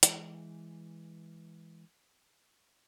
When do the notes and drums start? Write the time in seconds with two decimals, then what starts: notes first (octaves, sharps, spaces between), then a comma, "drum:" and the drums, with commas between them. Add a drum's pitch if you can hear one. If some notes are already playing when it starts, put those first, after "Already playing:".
0.03 E3 G#3, drum: hi-hat